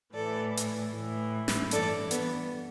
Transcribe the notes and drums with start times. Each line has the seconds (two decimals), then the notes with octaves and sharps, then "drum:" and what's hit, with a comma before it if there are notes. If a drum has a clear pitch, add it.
0.14 A2 E3 A4 D5
0.57 drum: hi-hat
0.92 A2 E3
1.48 drum: snare
1.71 G2 E3 A4 D5, drum: hi-hat
2.11 B3, drum: hi-hat